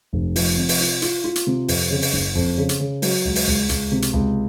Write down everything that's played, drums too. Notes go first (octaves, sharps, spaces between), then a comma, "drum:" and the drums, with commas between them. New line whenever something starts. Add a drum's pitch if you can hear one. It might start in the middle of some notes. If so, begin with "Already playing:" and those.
F1
F3, drum: open hi-hat
C3
drum: open hi-hat
F4
F4, drum: hi-hat
F4
drum: hi-hat
C3
F2, drum: open hi-hat
C#3
drum: open hi-hat
F#1
F2
C#3
drum: hi-hat
C#3
F#3, drum: open hi-hat
C#2
drum: open hi-hat
C#2
C#2, drum: hi-hat
C3
drum: hi-hat
C#2